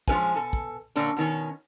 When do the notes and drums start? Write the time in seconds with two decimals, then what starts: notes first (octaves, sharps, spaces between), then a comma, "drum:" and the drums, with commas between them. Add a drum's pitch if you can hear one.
0.08 F3 G#3 C#4 B4 C#5 G#5, drum: kick
0.35 B2 A4 G#5
0.53 drum: kick
0.96 A#2 D3 A#3 C#4 D4
1.16 B2 D#3 C#4